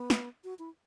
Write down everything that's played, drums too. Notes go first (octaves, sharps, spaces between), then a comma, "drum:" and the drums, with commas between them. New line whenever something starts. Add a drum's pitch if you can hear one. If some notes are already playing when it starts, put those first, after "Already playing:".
Already playing: B3
drum: snare
F#4
E4